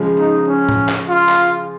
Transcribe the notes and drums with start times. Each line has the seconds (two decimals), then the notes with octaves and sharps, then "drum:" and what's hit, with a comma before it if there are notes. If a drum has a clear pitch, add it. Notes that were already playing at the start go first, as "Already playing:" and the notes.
Already playing: C#3 F3 G#3
0.18 D#4
0.48 C#4
0.69 drum: tom A2
0.89 drum: clap
1.09 F4
1.29 drum: clap